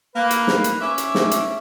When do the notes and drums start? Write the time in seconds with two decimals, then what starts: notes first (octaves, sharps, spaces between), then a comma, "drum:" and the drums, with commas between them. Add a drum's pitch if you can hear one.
0.15 A#3 B4
0.31 drum: hi-hat
0.47 drum: snare
0.64 drum: hi-hat
0.81 C#4 E5 D6
0.98 drum: hi-hat
1.15 drum: snare
1.31 drum: hi-hat